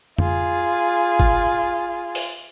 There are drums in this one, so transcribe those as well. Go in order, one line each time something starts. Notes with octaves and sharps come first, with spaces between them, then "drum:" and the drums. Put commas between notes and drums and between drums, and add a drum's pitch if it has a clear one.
F4 G#4, drum: tom F2
drum: kick G1
drum: open hi-hat